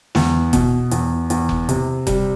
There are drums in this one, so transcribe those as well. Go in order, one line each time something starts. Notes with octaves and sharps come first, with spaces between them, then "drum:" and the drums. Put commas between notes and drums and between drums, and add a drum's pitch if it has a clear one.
E2, drum: snare
B2, drum: kick F1, hi-hat
E2, drum: hi-hat
E2, drum: hi-hat
drum: kick F1
C3, drum: hi-hat
G3, drum: kick F1, hi-hat